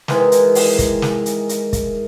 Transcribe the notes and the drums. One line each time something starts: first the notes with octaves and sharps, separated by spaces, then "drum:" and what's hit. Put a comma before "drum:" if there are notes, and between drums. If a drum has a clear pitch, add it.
D#3 E3 G#3, drum: snare
drum: hi-hat
drum: open hi-hat
drum: kick, hi-hat
drum: snare
drum: hi-hat
drum: hi-hat
drum: kick, hi-hat